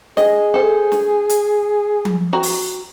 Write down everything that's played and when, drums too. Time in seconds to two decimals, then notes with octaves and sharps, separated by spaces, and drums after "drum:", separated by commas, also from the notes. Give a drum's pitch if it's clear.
0.17 G#4 D#5, drum: snare
0.54 A4 C5
0.92 drum: snare
1.29 drum: hi-hat
2.05 drum: tom F3
2.33 F#4 A#5
2.43 drum: open hi-hat